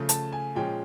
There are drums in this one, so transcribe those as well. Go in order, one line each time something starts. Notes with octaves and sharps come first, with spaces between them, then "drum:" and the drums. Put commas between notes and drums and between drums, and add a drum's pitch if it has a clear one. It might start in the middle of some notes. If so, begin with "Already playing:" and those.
Already playing: C#3 F3 A3
A5, drum: hi-hat
G#5
A#2 F3 G#3 C#4 G5